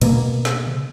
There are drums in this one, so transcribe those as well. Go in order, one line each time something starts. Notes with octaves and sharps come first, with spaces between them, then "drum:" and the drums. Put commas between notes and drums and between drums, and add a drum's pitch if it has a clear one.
B2 A#3, drum: cymbal
drum: snare
drum: tom C3